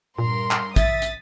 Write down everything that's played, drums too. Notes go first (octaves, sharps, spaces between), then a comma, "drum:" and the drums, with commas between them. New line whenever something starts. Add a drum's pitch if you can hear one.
G2 A#2 A#4 C6
drum: clap
A#1 E5 D#6 A6 B6, drum: kick, hi-hat
drum: hi-hat